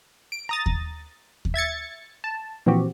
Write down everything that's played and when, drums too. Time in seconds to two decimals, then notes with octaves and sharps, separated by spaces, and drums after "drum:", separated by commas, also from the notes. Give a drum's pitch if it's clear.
0.32 D7
0.49 A#5 D#6 A6
0.66 drum: kick D#2
1.45 drum: kick D#2
1.54 E5 G#6 A6 C#7
2.24 A5
2.66 A#2 E3 F3 C4 F#4 G4